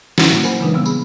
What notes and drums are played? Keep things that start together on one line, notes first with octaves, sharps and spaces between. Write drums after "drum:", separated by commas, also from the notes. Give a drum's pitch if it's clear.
C#4 D#4 E4 B4 F#5 C6, drum: snare
A#2 F#3 G3 A#3 F4 F#4
A#4 C5 F#5 G#5 B5, drum: tambourine
C#3 E3 G#3 D4 D#4 B4
F3 G3 B3 C4 E6 F6
G#4 B5, drum: tambourine